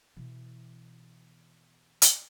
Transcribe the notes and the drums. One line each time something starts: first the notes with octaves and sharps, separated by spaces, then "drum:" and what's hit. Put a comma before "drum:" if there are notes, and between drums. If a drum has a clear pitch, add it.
B2 E3
drum: hi-hat